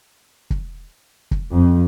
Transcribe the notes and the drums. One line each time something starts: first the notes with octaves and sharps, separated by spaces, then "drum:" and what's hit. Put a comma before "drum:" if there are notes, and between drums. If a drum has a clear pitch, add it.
drum: kick
drum: kick
F2